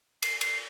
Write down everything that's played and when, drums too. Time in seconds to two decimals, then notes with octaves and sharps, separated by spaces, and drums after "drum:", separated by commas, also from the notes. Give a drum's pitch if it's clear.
0.22 C7, drum: cymbal
0.41 C7, drum: cymbal